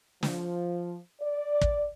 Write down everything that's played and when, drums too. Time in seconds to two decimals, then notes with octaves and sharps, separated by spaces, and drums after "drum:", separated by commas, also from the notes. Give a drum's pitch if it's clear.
0.23 F3, drum: snare
1.21 D5
1.61 drum: kick